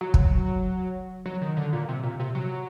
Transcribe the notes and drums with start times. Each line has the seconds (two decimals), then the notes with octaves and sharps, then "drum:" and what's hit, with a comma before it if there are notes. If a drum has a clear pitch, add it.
0.01 F#3
0.14 drum: kick
1.26 F#3
1.41 D#3
1.57 D3
1.73 A#2
1.88 C3
2.03 A#2
2.19 C3
2.35 F#3